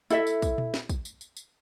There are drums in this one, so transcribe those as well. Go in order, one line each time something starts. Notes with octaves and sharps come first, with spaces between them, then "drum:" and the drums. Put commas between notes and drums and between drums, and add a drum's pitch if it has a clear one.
E4 A4 E5, drum: tambourine
drum: tambourine
drum: kick, tambourine
drum: tom A#2
drum: snare
drum: kick, tambourine
drum: tambourine
drum: tambourine
drum: tambourine